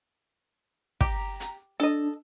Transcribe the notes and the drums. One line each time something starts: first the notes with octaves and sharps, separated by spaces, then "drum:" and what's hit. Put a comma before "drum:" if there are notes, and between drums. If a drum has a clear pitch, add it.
G4 A#5, drum: kick
drum: hi-hat
D4 A4 D#5